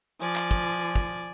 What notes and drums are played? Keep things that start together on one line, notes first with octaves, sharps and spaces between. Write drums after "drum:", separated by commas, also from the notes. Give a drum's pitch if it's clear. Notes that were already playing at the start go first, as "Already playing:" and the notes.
F3 D5 G#5
drum: clap
drum: kick
drum: kick